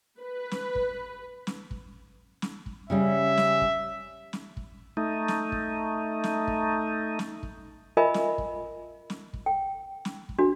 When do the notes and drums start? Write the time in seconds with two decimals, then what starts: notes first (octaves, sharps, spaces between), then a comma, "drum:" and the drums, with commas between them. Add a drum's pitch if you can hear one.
0.20 B4
0.51 drum: snare
0.75 drum: kick
1.47 drum: snare
1.71 drum: kick
2.42 drum: snare
2.66 drum: kick
2.90 C#3 G3 C#4 E5
3.38 drum: snare
3.61 drum: kick
4.33 drum: snare
4.57 drum: kick
4.97 A3 D#4
5.28 drum: snare
5.52 drum: kick
6.24 drum: snare
6.47 drum: kick
7.19 drum: snare
7.43 drum: kick
7.97 F4 A#4 D#5 E5 G#5 B5
8.14 drum: snare
8.38 drum: kick
9.10 drum: snare
9.33 drum: kick
9.46 G5
10.05 drum: snare
10.29 drum: kick
10.39 D4 F#4